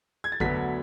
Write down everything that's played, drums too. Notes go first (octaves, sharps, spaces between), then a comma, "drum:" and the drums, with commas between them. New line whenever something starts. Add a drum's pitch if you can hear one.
G#6
A6
D2 D3 F#3 B3 B6, drum: kick